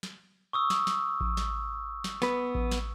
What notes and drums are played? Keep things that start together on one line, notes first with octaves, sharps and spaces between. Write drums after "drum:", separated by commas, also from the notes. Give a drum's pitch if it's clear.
drum: snare
C#6 D#6 E6
drum: snare
drum: snare
drum: kick A1
drum: snare
drum: snare
B3 B4, drum: snare
drum: kick A1
drum: snare